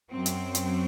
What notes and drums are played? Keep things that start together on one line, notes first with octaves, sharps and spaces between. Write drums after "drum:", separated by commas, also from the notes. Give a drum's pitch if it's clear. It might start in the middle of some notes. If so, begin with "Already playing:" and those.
F#2 F#3 C4
drum: hi-hat
drum: hi-hat